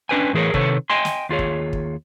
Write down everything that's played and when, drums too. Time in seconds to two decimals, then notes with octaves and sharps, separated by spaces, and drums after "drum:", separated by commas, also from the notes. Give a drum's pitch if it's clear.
0.09 C#4 D4 G#4 B4 G5 G#5
0.33 A2 E3 G#4 A#4 C#5
0.54 C3 D#3 A4 B4 C#5, drum: kick
0.90 D#5 G5 G#5 C6
1.05 drum: snare
1.29 D#2 F4 G#4 C#5
1.39 drum: kick
1.73 drum: kick